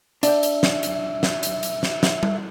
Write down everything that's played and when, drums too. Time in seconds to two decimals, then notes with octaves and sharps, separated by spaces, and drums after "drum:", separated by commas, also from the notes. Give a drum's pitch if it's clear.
0.23 D4 E5 G5, drum: hi-hat
0.43 drum: hi-hat
0.63 drum: snare
0.83 drum: hi-hat
1.23 drum: snare
1.43 drum: hi-hat
1.63 drum: hi-hat
1.83 drum: snare
2.03 drum: snare
2.23 drum: tom G3